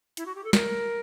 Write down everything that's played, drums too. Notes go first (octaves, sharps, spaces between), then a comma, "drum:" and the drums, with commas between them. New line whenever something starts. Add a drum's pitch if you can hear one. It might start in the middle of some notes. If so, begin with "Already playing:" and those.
E4, drum: hi-hat
F#4
G4
A4
A#4, drum: snare